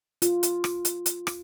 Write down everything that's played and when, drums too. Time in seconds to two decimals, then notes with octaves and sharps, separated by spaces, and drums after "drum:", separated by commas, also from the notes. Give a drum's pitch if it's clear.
0.22 F4, drum: hi-hat
0.43 drum: hi-hat
0.64 drum: rim click
0.85 drum: hi-hat
1.06 drum: hi-hat
1.27 drum: rim click